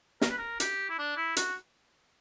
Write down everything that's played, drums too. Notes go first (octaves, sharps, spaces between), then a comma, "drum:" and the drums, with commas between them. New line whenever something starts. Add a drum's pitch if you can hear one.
A#4, drum: snare
B4
A#4
G4, drum: hi-hat
E4
D4
E4
F#4, drum: hi-hat